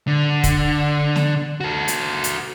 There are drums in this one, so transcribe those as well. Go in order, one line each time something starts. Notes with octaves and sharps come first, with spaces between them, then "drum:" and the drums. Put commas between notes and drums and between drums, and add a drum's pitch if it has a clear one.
D3
drum: kick, hi-hat
drum: snare
F#4 A4
drum: hi-hat
drum: hi-hat